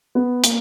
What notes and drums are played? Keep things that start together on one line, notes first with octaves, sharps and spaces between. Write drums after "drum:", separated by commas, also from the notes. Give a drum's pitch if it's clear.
B3
A#3, drum: hi-hat